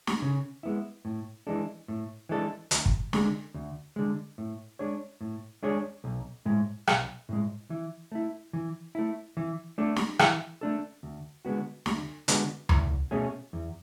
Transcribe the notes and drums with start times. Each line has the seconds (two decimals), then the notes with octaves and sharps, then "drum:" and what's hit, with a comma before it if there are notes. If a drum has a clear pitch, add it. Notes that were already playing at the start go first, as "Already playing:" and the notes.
0.07 drum: snare
0.22 C#3
0.63 G#3 B3 E4
1.05 A2
1.47 E3 G#3 D4 A4
1.88 A2
2.29 E3 G#3 D4 A4
2.71 D2, drum: hi-hat
2.86 drum: kick
3.13 D3 G#3, drum: snare
3.54 D2
3.96 D3 G#3
4.38 A2
4.79 G#3 D4 G#4 C#5
5.21 A2
5.63 G#3 D4 G#4 C#5
6.04 B1
6.45 A2 G#3
6.87 B1, drum: rim click
7.29 A2 G#3
7.70 E3
8.12 A3 E4
8.53 E3
8.95 A3 E4
9.37 E3
9.78 A3 D4 A4
9.96 drum: snare
10.19 E3, drum: rim click
10.61 A3 D4 A4
11.03 D2
11.45 D3 G#3 B3 F#4
11.86 D2, drum: snare
12.28 D3 G#3 B3 F#4, drum: hi-hat
12.69 E2, drum: tom D2
13.11 B2 A3 C#4 G#4
13.53 E2